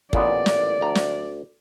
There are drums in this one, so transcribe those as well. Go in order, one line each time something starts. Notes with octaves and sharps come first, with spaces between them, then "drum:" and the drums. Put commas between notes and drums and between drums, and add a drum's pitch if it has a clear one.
A1 A#2 B3 D5, drum: kick
drum: snare
D2 A#5
drum: snare